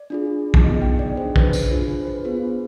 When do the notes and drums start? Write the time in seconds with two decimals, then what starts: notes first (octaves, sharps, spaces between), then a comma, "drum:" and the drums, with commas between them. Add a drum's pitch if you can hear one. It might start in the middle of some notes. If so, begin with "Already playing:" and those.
Already playing: D5
0.10 D4 F4 G#4
0.54 drum: kick
0.64 B3 D#4 G#4 D#5
0.82 G5
0.99 D5
1.17 D4 G#4 C5
1.36 B4, drum: kick
1.53 C5, drum: tambourine
1.71 D4 F4 G#4 C5
1.88 C5
2.07 B4
2.25 B3 F4 G#4 C5